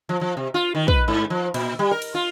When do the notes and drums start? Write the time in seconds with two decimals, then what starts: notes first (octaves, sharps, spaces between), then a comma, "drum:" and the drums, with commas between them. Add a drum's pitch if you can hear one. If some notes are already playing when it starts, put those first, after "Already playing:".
0.09 F3
0.21 F3
0.37 C3
0.54 F4
0.75 D#3
0.88 B4, drum: kick
1.08 G#2
1.30 F3
1.54 A#2, drum: cymbal
1.79 G3
1.91 A#4
2.02 drum: cymbal
2.14 F4